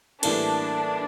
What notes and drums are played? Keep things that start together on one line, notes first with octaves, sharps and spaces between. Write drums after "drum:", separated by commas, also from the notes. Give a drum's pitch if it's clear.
A2 E3 G3 A#3 D4, drum: cymbal